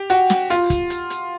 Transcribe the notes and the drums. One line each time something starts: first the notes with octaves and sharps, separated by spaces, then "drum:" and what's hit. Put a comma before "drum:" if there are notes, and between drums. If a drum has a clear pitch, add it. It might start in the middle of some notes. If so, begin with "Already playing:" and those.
Already playing: G4
F#4, drum: hi-hat
drum: snare
F4, drum: hi-hat
drum: kick, hi-hat
drum: hi-hat
drum: hi-hat